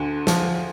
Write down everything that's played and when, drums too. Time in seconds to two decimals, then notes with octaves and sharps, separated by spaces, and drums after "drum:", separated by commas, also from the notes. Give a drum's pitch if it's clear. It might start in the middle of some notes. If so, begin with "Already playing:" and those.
Already playing: D2 D3
0.27 F3, drum: snare